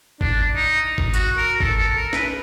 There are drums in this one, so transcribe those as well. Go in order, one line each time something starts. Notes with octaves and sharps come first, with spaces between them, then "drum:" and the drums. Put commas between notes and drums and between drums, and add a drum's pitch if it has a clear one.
D4, drum: kick G1
D#4
drum: kick G1
F#4, drum: hi-hat
A#4
A4, drum: kick G1
A4
A#4
B4, drum: snare